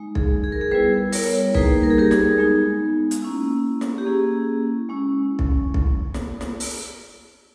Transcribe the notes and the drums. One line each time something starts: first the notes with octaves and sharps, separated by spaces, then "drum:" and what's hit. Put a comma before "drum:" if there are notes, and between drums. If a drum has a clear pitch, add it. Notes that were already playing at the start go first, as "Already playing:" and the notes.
Already playing: G#3 D#4
G#4, drum: kick B1
G#4
A#4
G#4
G3 B3 E4 G#4 B4
A#4 C#5, drum: open hi-hat
G3 A#3 D#4 G#4 B4, drum: kick B1
A#4
G#4
G4 A#4
G#4, drum: snare
G#3 B3 D#4
drum: hi-hat
A#3 C#4 E4
drum: snare
G4
A#3 C#4 E4 G#4
G#3 C#4 E4
drum: kick B1
drum: kick B1
drum: snare
drum: snare
drum: open hi-hat